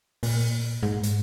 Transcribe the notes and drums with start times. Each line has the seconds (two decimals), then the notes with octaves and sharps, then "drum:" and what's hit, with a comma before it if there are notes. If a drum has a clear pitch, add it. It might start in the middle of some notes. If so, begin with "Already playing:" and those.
0.23 A#2, drum: open hi-hat
0.83 G#2
1.03 drum: hi-hat